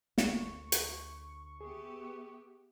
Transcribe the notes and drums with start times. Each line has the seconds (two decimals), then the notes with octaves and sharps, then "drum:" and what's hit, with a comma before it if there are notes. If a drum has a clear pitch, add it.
0.18 D2 C#6, drum: snare
0.72 drum: hi-hat
1.61 B3 G4 G#4 E5